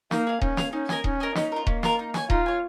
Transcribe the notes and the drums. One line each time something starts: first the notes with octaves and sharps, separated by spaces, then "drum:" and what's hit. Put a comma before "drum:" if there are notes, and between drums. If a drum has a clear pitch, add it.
A#3 D#4, drum: snare
G#4 F5
C#4 D#4, drum: kick D#1
G#4 F5, drum: snare
C#4 D#4
A#4 D#5 G#5, drum: snare
C#4 D#4, drum: kick D#1
A#4 D#5 G#5
C#4 D#4, drum: snare
F4 A#4
A#3 C#4, drum: kick D#1
F4 A#4, drum: snare
D#4
C#5 G#5, drum: snare
D#4 F4, drum: kick D#1
C#5 G#5